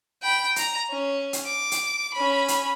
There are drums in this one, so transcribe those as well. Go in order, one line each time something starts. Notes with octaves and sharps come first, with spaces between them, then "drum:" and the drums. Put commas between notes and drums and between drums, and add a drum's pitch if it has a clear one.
G5 B5
A#5, drum: hi-hat
C#4
drum: hi-hat
D6
drum: hi-hat
C#4 B5
drum: hi-hat